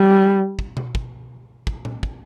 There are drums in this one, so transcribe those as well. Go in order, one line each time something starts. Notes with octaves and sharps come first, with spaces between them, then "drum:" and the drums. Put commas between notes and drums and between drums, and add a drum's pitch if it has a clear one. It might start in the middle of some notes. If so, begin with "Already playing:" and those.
Already playing: G3
drum: kick
drum: tom B2
drum: kick
drum: kick
drum: tom A#2
drum: kick